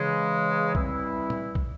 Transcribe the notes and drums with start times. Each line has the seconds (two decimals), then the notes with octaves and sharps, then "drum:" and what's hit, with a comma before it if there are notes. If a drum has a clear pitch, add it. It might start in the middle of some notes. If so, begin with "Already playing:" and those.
Already playing: C#3 E3 G#3
0.75 E3 G3 C4 E4, drum: kick
1.30 drum: tom
1.55 drum: kick